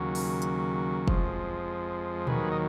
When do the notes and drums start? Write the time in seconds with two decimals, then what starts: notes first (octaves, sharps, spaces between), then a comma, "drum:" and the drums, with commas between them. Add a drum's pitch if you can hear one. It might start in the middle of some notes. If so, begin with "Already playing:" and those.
Already playing: D#2 C#3 F#3
0.15 drum: open hi-hat
0.42 drum: hi-hat
1.08 F2 F3 G#3, drum: kick
2.27 D#2 D#3 F#3 G#4 B4, drum: tom A#2
2.52 D#5